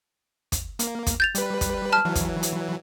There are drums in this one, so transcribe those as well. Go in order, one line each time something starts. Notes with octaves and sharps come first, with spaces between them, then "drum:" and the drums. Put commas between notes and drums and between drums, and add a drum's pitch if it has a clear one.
drum: kick, hi-hat
A#3, drum: hi-hat
drum: kick, hi-hat
G6 A6 F7
G3 B4, drum: hi-hat
drum: kick, hi-hat
A5 F6
E3 F#3
drum: kick, hi-hat
drum: hi-hat